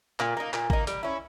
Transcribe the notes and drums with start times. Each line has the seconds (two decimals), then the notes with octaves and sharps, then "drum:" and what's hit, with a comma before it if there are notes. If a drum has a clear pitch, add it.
0.20 A#2, drum: clap
0.37 A#3 D#4
0.53 A#2, drum: clap
0.70 A#3 D#4, drum: kick G#1
0.87 G3, drum: hi-hat
1.03 C#4 E4